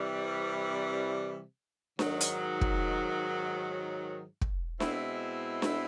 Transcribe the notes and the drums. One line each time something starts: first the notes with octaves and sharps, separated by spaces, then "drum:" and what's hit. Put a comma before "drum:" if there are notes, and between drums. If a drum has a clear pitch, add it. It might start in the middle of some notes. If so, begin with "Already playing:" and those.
Already playing: C3 E3 G3
G#2 D#3 F#3, drum: snare D4
drum: hi-hat
drum: kick
drum: kick
B2 G#3 C4 E4, drum: snare D4
drum: snare D4